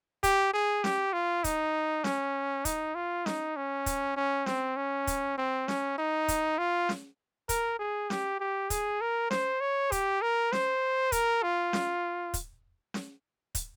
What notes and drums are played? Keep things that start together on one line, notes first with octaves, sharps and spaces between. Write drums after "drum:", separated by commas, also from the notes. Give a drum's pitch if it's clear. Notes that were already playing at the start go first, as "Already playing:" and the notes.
G4, drum: kick, hi-hat
G#4
G4, drum: snare C#4
F4
D#4, drum: kick, hi-hat
C#4, drum: snare C#4
D#4, drum: kick, hi-hat
F4
D#4, drum: snare C#4
C#4
drum: kick, hi-hat
C#4
C4, drum: snare C#4
C#4
drum: kick, hi-hat
C4
C#4, drum: snare C#4
D#4
drum: kick, hi-hat
F4
drum: snare C#4
A#4, drum: kick, hi-hat
G#4
G4, drum: snare C#4
G4
G#4, drum: kick, hi-hat
A#4
C5, drum: snare C#4
C#5
G4, drum: kick, hi-hat
A#4
C5, drum: snare C#4
A#4, drum: kick, hi-hat
F4
drum: snare C#4
drum: kick, hi-hat
drum: snare C#4
drum: kick, hi-hat